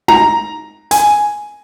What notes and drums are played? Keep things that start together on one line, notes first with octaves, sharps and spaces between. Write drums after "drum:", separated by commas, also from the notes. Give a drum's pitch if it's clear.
A#5, drum: tom D#4
G#5, drum: hi-hat